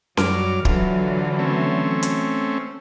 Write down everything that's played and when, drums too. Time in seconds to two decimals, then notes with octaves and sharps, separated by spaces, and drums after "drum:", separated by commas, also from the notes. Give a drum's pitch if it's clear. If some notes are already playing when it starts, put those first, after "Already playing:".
0.17 F#2 F#3 G3 D6 F6, drum: snare C#4
0.65 D3 E3 F#3 F4, drum: kick
1.39 A3 C4 C#4
2.03 drum: hi-hat